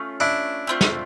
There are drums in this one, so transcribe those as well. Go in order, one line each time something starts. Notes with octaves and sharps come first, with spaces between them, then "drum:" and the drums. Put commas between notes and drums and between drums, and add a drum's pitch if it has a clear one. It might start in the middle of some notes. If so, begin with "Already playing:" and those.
Already playing: A3 C#4 F4
D4 E4
A3 C4 F4
drum: snare